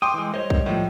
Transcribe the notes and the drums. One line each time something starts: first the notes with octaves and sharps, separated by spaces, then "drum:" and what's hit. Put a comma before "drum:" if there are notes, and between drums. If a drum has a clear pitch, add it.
G5 C6 D6 D#6
E3 G#3
G3 C5 C#5 D#5
drum: kick
A2 F3